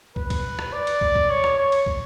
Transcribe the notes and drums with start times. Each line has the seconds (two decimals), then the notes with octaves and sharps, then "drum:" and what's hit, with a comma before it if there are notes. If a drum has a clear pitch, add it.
0.16 B4, drum: kick
0.30 drum: kick, cymbal
0.59 drum: rim click
0.73 D5
0.87 drum: cymbal
1.01 drum: kick
1.15 drum: kick
1.30 C#5
1.44 drum: rim click
1.58 C#5
1.72 drum: cymbal
1.86 drum: kick